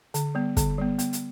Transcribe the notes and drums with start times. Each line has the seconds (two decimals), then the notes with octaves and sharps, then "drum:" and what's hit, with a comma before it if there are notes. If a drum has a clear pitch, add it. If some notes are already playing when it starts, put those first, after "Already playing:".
0.14 D3, drum: hi-hat
0.35 G3 B3
0.57 D3, drum: kick, hi-hat
0.78 G3 B3
0.99 B3, drum: hi-hat
1.13 drum: hi-hat